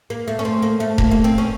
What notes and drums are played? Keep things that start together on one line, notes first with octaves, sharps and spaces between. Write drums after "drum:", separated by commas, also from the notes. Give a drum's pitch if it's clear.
A#3
A3
C#4
C4
A#3
A3
A#3, drum: kick E1
A#3
C4
C#4